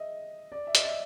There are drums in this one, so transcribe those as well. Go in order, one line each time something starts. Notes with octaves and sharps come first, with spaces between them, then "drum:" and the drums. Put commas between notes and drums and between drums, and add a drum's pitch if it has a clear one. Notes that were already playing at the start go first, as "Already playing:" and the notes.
Already playing: D#5 E5
D5
E5
D#5, drum: hi-hat
E5